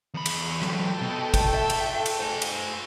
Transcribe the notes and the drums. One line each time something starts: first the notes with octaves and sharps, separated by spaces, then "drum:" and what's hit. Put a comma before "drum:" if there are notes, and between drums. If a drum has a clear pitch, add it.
E2 B5
drum: cymbal
E3 F#3 A4 G5, drum: rim click
B2
drum: kick, cymbal
E5
drum: cymbal
drum: cymbal
C5 G#5
drum: cymbal